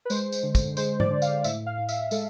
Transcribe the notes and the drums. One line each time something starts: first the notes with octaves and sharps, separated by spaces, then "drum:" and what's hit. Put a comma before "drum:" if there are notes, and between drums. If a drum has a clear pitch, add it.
B4
G#3 C5, drum: tambourine
drum: tambourine
D3
drum: kick, tambourine
G#3 C5, drum: tambourine
D5, drum: tom G#2
D3
F5, drum: tambourine
A2 E5, drum: tambourine
F5
A2
E5, drum: tambourine
G#3 A4, drum: tambourine